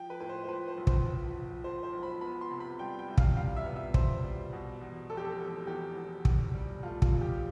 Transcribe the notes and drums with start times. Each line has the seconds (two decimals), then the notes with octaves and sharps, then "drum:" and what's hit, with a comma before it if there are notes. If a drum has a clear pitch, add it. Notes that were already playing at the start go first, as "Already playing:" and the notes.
Already playing: F3 G5
0.10 B4
0.20 A2 B4
0.29 C5
0.44 C5
0.49 F3 B4
0.68 C5
0.78 B1
0.87 C5, drum: kick
1.07 F3
1.35 F3
1.64 F3 C5
1.83 C5
1.93 B1
2.03 B5
2.21 B3 B5
2.41 C6
2.51 C3
2.60 B5
2.79 G3 G5
2.99 G5
3.08 C2
3.18 F5, drum: kick
3.37 G3 F5
3.56 E5
3.66 B3
3.76 E5
3.94 B3 C5, drum: kick
4.24 G3
4.53 B2
4.81 E2
5.10 F1 A4
5.17 G4
5.25 A4
5.38 E2
5.67 E2 G4
5.96 E2
6.25 E2, drum: kick
6.54 G3
6.83 A3 F4
7.02 F4, drum: kick
7.12 F1
7.21 G4